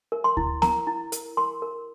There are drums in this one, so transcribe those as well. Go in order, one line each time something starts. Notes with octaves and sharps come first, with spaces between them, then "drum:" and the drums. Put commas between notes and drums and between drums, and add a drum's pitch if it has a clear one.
A#4
C6
E4, drum: kick D2
A#4 A#5, drum: snare B3
E4
A#4, drum: hi-hat
A#4 C6
A#4